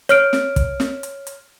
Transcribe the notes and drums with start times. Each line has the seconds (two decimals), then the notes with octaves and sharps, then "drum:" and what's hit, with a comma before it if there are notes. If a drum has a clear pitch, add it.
0.09 C#5 F6 D7, drum: hi-hat
0.33 drum: snare
0.56 drum: kick, hi-hat
0.80 drum: snare
1.03 drum: hi-hat
1.27 drum: hi-hat